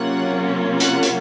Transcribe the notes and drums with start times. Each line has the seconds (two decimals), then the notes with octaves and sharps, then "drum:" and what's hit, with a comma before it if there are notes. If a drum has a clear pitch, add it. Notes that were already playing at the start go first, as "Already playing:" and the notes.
Already playing: C3 F#3 A#3 C#4 F4 F#5
0.80 F#5, drum: hi-hat
1.03 drum: hi-hat